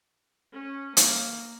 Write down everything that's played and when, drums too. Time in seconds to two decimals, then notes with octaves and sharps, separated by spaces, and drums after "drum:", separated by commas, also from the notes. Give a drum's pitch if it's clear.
0.53 C#4
0.97 A#3, drum: hi-hat